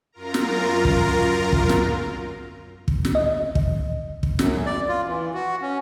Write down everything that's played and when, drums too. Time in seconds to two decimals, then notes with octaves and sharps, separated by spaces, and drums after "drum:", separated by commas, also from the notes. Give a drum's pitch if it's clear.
0.12 F#2 F4 A#4 A#5
0.34 drum: snare
0.85 drum: kick
1.52 drum: kick
1.69 drum: snare
2.88 drum: kick
3.05 drum: snare
3.15 D#5
3.55 drum: kick
4.23 drum: kick
4.39 F#2, drum: snare
4.66 D5
4.89 F4
5.08 E3
5.34 F#4
5.62 C#4